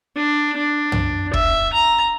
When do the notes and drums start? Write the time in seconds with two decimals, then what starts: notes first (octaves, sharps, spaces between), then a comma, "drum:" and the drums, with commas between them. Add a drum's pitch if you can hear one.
0.17 D4
0.57 D4
0.92 drum: tom
1.34 E5, drum: kick
1.73 A#5